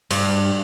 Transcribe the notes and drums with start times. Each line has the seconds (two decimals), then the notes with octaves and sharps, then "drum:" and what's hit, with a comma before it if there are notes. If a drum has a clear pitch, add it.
0.11 G2, drum: cymbal